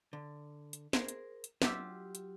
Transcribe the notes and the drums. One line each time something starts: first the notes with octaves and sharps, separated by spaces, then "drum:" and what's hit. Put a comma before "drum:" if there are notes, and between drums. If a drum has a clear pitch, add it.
D3
drum: hi-hat
G#4 A#4 C5, drum: snare
drum: hi-hat
drum: hi-hat
F#3 F4 G4 E5, drum: snare
drum: hi-hat